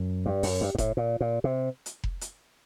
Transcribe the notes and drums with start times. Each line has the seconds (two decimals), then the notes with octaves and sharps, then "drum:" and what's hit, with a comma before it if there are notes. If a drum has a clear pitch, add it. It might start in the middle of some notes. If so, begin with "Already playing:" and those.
Already playing: F#2
0.26 G2
0.43 F#2, drum: open hi-hat
0.61 G2
0.75 G2
0.78 A2, drum: kick F1, hi-hat
0.97 A#2
1.21 A#2
1.44 C3
1.86 drum: hi-hat
2.04 drum: kick F1
2.21 drum: hi-hat